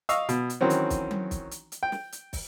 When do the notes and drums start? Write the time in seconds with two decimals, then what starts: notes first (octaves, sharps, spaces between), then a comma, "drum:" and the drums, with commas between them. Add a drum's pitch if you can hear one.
0.09 D#5 F5 C#6 D#6 E6, drum: hi-hat
0.29 B2, drum: hi-hat
0.50 drum: hi-hat
0.61 D#3 E3 F#3 C4 C#4
0.70 drum: hi-hat
0.90 drum: kick, hi-hat
1.11 drum: tom F#3
1.31 drum: kick, hi-hat
1.51 drum: hi-hat
1.72 drum: hi-hat
1.83 G5
1.92 drum: snare
2.12 drum: hi-hat
2.33 drum: kick, open hi-hat